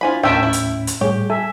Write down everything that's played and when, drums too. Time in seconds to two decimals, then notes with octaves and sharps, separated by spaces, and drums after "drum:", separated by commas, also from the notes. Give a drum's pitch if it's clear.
0.01 D4 E4 F4 C5 G#5 B5
0.23 D#2 A2 D#3 A3 C#4 F4 E5 G5
0.43 E4
0.53 drum: hi-hat
0.87 drum: hi-hat
1.01 A2 G3 G4 G#4 C#5
1.30 A4 E5 G#5